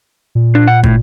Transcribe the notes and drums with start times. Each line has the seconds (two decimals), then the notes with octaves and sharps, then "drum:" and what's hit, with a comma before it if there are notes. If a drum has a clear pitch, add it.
0.35 A#2
0.55 D4
0.68 F#5
0.83 A2, drum: kick